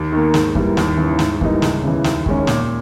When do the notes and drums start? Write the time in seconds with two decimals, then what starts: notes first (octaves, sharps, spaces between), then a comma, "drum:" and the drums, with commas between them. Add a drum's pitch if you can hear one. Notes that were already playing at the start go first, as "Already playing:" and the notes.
Already playing: D#2
0.12 D#3 A#3
0.34 G#2, drum: snare
0.55 E3 G3 A#3, drum: kick
0.77 D#2, drum: snare
0.97 E3
1.03 C#3
1.19 G#2, drum: snare
1.41 E3 G3 A#3 D#4, drum: kick
1.62 C#2, drum: snare
1.83 C#3 E3
2.04 D#2, drum: snare
2.26 D#3 G#3 C#4, drum: kick
2.47 A#2, drum: snare